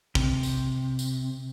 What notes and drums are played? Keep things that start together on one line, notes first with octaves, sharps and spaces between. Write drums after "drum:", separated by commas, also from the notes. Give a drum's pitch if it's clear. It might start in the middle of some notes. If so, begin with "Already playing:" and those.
C3, drum: kick
drum: tambourine
drum: tambourine